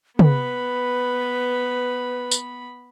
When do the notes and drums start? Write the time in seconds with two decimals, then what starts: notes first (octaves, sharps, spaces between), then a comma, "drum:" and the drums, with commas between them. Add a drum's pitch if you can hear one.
0.19 B3 B4 B5, drum: tom
2.31 drum: tambourine